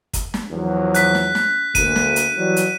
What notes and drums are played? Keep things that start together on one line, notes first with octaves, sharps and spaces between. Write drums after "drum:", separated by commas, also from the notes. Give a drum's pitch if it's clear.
drum: kick, hi-hat
drum: snare
E2 F3 F#3
F#6 B6, drum: hi-hat
drum: snare
drum: snare
D2 A#3 D#7, drum: kick, hi-hat
drum: snare
drum: hi-hat
E3 F#3 G3
drum: hi-hat